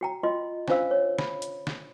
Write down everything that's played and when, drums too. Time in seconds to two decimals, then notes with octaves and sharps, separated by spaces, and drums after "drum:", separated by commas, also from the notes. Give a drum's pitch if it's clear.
0.01 F#4 G5 A#5
0.23 F4 D#5 C6
0.68 C#4 D4 F4 C5 F5 E6, drum: snare
0.91 C#5
1.19 B5, drum: snare
1.42 drum: hi-hat
1.67 drum: snare